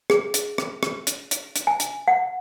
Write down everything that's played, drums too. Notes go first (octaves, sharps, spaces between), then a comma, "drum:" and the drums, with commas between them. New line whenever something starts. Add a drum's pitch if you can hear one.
G#4, drum: rim click
drum: hi-hat
drum: rim click
drum: rim click
drum: hi-hat
drum: hi-hat
drum: hi-hat
G#5
drum: hi-hat
F#5